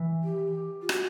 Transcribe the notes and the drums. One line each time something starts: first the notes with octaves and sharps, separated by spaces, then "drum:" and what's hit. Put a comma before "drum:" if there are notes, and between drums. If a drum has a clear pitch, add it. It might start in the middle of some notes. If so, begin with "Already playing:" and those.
Already playing: E3
G4
F4
F#4, drum: rim click